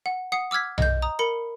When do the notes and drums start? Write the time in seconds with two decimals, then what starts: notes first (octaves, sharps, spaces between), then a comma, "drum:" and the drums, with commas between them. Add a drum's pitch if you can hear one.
0.06 F#5
0.32 F#5 D#6 C7 C#7
0.51 D6 E6 F6 G#6 B6
0.78 D#5 G6, drum: tom B1
1.02 A#5 D#6
1.19 A#4 B5 C#7